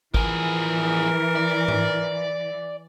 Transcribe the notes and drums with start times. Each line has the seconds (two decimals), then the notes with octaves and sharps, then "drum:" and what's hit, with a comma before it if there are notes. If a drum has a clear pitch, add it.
0.14 E3 F3 G#4 A#4, drum: kick
1.36 D5
1.68 drum: tom G#2